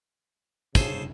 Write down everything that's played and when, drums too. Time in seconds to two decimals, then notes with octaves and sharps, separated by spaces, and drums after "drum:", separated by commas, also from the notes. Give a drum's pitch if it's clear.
0.75 C#3 G#4 A4 C5, drum: kick, tambourine